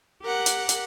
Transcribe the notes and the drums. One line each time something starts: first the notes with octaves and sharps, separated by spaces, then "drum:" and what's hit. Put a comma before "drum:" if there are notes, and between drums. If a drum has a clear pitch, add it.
G4 A#4 F#5 F#6
drum: hi-hat
drum: hi-hat